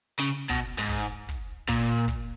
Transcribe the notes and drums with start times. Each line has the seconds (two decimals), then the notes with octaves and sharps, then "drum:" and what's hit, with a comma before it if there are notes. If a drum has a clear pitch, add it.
0.20 C#3
0.50 B2, drum: kick, open hi-hat
0.79 G#2
0.89 drum: kick, hi-hat
1.29 drum: kick, open hi-hat
1.69 A#2, drum: kick, hi-hat
2.08 drum: kick, open hi-hat